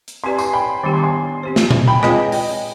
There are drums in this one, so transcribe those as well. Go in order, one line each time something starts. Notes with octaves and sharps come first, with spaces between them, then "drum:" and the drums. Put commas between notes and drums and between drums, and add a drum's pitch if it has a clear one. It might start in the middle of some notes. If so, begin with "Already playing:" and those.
drum: hi-hat
C4 G4 B4 D5 G#5 C6
G#5 C6, drum: tambourine
G5 B5
D#3 G3 B3 D4 G4 G5 B5
G#5 C6
G#5 C6
C4 G4 C5
drum: snare
drum: tom A#2
G5 B5
G#5
G#3 C4 F4 G#4 B4 D#5 G5, drum: rim click
D#5 G5, drum: open hi-hat